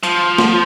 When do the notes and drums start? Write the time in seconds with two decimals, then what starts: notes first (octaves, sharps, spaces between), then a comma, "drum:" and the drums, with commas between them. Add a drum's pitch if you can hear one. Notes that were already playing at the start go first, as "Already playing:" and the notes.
0.03 F3, drum: hi-hat
0.38 drum: snare